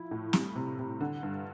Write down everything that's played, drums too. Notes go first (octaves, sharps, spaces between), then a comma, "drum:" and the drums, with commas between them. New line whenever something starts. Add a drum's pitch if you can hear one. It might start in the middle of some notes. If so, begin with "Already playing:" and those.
Already playing: F3 E4
A2
G3, drum: snare
C3
C3
D3
G2